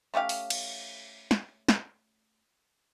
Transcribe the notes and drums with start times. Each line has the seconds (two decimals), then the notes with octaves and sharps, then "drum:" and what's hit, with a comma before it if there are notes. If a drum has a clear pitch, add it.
0.14 A3 C#4 G4 F5
0.29 drum: open hi-hat
0.50 drum: cymbal
1.31 drum: snare
1.69 drum: snare